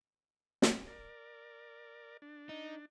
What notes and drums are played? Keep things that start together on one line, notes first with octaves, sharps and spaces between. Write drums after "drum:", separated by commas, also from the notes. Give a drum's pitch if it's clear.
drum: snare
A#4 D5
D4
D#4